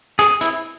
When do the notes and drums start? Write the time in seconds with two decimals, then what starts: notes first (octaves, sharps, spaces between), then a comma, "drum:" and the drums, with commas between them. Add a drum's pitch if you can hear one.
0.19 G#4, drum: hi-hat
0.41 E4, drum: hi-hat